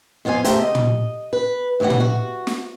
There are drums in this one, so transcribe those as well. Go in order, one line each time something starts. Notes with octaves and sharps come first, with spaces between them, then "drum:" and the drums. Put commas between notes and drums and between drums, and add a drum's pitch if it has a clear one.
F2 B3 F4 F5 G#5
C#3 A3 G4 C5 F#5 A#5, drum: hi-hat
D#5
drum: tom
B4
D2 A2 E3 G3 F#5
drum: tom
F#4
drum: snare